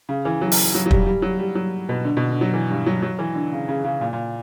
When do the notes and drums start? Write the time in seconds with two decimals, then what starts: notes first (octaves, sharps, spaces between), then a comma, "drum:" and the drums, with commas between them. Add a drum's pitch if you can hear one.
0.09 C#3
0.25 E3
0.42 F#3
0.52 drum: open hi-hat
0.74 F#3
0.86 F#3
0.91 G3, drum: kick
1.06 G3
1.22 F#3
1.39 G3
1.55 F#3
1.89 B2
2.05 D3
2.17 B2
2.30 D3
2.41 F#3
2.54 E3
2.70 G2
2.86 F#3
3.02 F#3
3.19 E3
3.35 D3
3.52 C#3
3.69 C#3
3.84 C#3
4.01 A#2
4.13 A#2